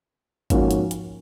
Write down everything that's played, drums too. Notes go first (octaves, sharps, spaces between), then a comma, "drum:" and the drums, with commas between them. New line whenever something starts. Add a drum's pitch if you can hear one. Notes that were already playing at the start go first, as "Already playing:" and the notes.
G#2 F3 A#3 C#4 F#4, drum: kick G#1, hi-hat
drum: hi-hat
drum: hi-hat